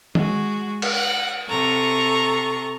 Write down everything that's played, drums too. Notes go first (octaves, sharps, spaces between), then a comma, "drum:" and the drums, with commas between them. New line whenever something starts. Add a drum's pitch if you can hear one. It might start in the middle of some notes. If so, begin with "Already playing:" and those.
G#3 F#4, drum: tom
drum: cymbal
F#5
C3 A4 A#5 C#6